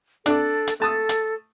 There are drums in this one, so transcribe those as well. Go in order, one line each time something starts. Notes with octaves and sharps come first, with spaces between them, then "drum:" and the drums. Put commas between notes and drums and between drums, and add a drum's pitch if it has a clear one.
D4 A4 D5, drum: hi-hat
drum: hi-hat
A3 A4 A5 D#6
drum: hi-hat